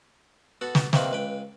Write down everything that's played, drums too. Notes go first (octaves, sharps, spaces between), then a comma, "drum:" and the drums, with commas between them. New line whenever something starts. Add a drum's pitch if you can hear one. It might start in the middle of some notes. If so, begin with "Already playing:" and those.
B3 F#4 A4
drum: snare
C3 D#3 A#3 C4 B4, drum: snare
C#2 B4 G5